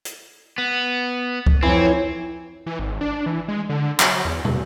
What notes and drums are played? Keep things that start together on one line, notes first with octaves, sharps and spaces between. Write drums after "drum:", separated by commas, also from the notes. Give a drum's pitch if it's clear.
drum: hi-hat
B3
drum: kick C#2
F2 E3 C4 C#5
E3
G#1
D4
E3
G#3
D3
F#3, drum: clap
E2
E2, drum: tom